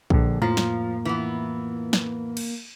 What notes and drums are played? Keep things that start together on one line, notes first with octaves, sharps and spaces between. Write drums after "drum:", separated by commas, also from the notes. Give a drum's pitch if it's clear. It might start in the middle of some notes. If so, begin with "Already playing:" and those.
A#1 D3, drum: kick
F2 A2 F3 A#3 F4 A#5
drum: snare
E3 B3
drum: snare
drum: cymbal